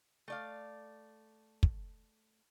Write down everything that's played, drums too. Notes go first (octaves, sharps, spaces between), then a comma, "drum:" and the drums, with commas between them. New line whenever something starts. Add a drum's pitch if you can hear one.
A3 D5 F5
drum: kick